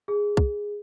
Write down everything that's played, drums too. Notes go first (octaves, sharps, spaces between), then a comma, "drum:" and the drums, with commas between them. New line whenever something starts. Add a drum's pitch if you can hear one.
G#4
drum: kick